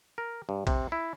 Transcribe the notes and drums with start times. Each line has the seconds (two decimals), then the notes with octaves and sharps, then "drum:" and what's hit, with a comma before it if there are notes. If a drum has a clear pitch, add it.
0.18 A#4
0.49 G2
0.67 C3, drum: kick A#1, cymbal
0.92 E4